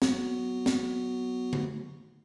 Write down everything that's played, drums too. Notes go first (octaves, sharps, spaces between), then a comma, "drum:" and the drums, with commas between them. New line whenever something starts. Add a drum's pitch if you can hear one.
F#3 B3 F#4, drum: snare C4
drum: snare C4
drum: tom D3